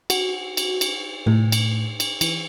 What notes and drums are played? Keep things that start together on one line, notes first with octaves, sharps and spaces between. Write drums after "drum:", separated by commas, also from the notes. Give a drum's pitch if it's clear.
F#4, drum: cymbal
drum: cymbal
drum: cymbal
A2, drum: tom C3
drum: cymbal
drum: cymbal
E3, drum: cymbal